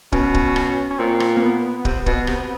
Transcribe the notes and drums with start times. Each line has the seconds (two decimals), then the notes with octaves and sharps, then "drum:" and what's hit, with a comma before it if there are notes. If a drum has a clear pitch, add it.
0.12 B2 C#4, drum: kick
0.34 drum: kick
0.56 drum: rim click
0.91 C#4
0.98 A#2 C4
1.20 drum: rim click
1.37 A#3
1.42 B3
1.85 C3, drum: kick
2.06 B2, drum: kick
2.27 C3, drum: rim click